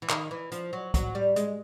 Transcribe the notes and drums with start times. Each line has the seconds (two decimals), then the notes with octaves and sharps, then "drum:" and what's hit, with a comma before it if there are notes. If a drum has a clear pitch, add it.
0.02 E3
0.09 D#3, drum: clap
0.31 E3
0.52 F3, drum: hi-hat
0.73 F#3
0.94 F#3, drum: kick, hi-hat
1.15 G3
1.36 G#3, drum: hi-hat